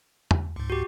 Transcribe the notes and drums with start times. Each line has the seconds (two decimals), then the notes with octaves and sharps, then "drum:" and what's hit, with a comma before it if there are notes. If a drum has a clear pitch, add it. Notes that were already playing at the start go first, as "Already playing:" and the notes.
0.31 drum: tom
0.56 C#2 G#2
0.70 F#4 G4